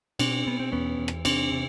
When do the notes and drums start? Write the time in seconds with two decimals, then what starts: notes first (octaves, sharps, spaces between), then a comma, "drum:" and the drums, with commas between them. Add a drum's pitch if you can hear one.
0.19 B2 C4 D4, drum: cymbal
0.46 B2 B3
0.60 C4
0.72 E2 B3 C#4
0.99 E2
1.08 drum: rim click
1.25 C3 C4 D4, drum: cymbal
1.52 C3